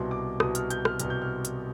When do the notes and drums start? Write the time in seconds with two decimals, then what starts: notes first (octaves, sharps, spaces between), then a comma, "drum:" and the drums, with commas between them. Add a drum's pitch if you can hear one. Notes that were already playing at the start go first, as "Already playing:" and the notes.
Already playing: C2 B2 C6
0.11 D6
0.40 C2 B2 D#6, drum: rim click
0.55 F6, drum: hi-hat
0.70 G6, drum: hi-hat
0.85 F6, drum: rim click
1.00 C2 B2 F6, drum: hi-hat
1.10 G6
1.22 F6
1.45 drum: hi-hat